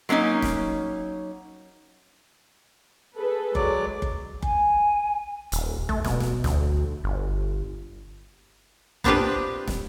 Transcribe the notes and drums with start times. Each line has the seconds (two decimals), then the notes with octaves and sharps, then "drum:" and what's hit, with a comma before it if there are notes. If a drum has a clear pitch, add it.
0.09 F#3 A#3 C#4 D#4
0.42 drum: snare
3.17 G#4 A4 B4
3.55 F#3 G#3 D5, drum: kick F#1
4.02 drum: kick F#1
4.42 G#5, drum: kick F#1
5.52 D#1, drum: hi-hat
5.89 A3, drum: kick F#1
6.04 B2, drum: snare
6.20 drum: snare
6.44 D2, drum: snare
7.04 G1
9.04 B3 C4 D4 F4 G4 B4, drum: kick F#1
9.67 drum: snare